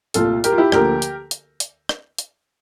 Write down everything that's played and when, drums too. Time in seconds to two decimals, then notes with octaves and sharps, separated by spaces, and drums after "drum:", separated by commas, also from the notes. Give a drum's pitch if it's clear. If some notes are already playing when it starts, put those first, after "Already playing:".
0.14 C2 A#2 A3 F4 A4, drum: hi-hat
0.44 G4 A#4, drum: hi-hat
0.52 F4
0.58 E4 G4
0.72 D2 D3 F3 A#3 G4 A#4, drum: rim click
1.02 drum: hi-hat
1.31 drum: hi-hat
1.60 drum: hi-hat
1.89 drum: rim click
2.18 drum: hi-hat